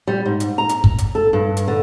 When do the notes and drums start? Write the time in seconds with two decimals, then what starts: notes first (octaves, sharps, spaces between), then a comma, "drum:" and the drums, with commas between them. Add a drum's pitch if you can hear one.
0.07 G3
0.26 G#2
0.40 drum: hi-hat
0.58 A#5
0.69 drum: hi-hat
0.84 drum: kick
0.98 drum: hi-hat
1.15 A4
1.33 G2
1.57 drum: hi-hat
1.68 D3